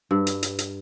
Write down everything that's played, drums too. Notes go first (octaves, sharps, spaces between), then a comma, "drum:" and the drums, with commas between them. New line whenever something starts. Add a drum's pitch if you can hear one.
G2
drum: hi-hat
drum: hi-hat
drum: hi-hat